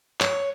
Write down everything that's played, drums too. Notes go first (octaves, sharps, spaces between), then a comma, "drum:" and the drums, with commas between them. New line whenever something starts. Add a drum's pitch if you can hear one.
C#5, drum: clap